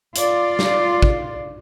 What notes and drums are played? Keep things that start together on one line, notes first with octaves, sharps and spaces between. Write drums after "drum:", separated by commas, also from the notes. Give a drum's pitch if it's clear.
F4 D5, drum: hi-hat
drum: snare
drum: kick